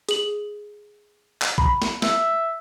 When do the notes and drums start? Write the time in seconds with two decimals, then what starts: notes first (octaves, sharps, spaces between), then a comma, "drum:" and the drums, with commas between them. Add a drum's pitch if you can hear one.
0.09 G#4 F#7, drum: hi-hat
1.42 drum: clap
1.58 A#5 B5, drum: kick
1.82 drum: snare
2.02 E5, drum: snare